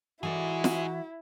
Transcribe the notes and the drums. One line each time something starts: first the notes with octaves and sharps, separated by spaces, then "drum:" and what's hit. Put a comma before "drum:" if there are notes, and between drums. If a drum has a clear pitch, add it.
E3 D#4 E4 F#4 G#4 A4 D5
drum: snare